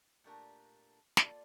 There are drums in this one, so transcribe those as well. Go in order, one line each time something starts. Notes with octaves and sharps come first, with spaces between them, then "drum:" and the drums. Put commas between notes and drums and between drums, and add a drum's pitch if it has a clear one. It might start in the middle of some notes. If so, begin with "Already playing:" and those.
A#2 A3 D4 G4 A#4
A#3 F4 A4 D5, drum: snare